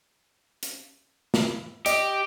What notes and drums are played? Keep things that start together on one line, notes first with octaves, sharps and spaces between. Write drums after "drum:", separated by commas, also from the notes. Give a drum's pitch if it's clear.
drum: hi-hat
drum: snare
G4 D#5, drum: hi-hat